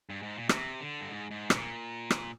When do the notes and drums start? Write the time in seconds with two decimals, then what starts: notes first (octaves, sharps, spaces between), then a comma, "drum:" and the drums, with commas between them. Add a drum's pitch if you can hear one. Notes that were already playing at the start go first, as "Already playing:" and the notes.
0.10 G2
0.22 G#2
0.37 A#2
0.49 C3, drum: rim click
0.81 D3
1.01 G2
1.10 G#2
1.31 G#2
1.50 A#2, drum: rim click
2.10 drum: rim click